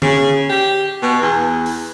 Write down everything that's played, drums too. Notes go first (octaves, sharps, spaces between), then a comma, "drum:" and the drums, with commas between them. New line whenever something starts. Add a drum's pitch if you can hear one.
C#3, drum: tom D3
G4
B2
E2
drum: open hi-hat